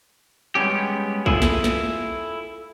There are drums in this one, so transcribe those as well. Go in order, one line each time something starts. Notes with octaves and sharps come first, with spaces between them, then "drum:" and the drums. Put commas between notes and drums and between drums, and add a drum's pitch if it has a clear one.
G3 G#3 B3 C#4 G4
E4 F4 G#4 A4 G#5, drum: kick
drum: snare
drum: snare